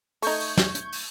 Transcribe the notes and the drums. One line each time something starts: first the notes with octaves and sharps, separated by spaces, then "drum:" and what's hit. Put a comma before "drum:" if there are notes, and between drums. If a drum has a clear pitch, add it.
A3 D#4 C#6 G6 G#6, drum: open hi-hat
drum: open hi-hat
drum: snare
drum: hi-hat
drum: open hi-hat